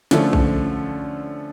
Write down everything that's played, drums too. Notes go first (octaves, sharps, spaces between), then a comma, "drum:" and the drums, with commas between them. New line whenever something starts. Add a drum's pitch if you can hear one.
D3 F3 A3 C#4, drum: snare
drum: kick A#1